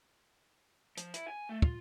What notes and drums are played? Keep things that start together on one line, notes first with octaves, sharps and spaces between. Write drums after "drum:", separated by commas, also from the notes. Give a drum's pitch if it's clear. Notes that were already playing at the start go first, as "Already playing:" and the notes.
F3, drum: hi-hat
E4, drum: hi-hat
G#5
A3
F4, drum: kick